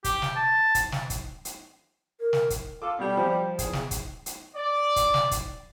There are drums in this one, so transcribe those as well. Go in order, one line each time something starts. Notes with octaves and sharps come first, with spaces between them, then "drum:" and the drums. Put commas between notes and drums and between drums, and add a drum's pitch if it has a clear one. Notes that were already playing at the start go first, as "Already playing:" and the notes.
G4, drum: kick, hi-hat
drum: snare
A5
drum: kick, hi-hat
drum: snare
drum: kick, hi-hat
drum: hi-hat
A#4
drum: snare
drum: kick, hi-hat
F4 A4 D6
B2 G3
F3
E2 G#4, drum: kick, hi-hat
drum: snare
drum: kick, hi-hat
drum: hi-hat
D5
drum: kick, hi-hat
drum: snare
drum: kick, hi-hat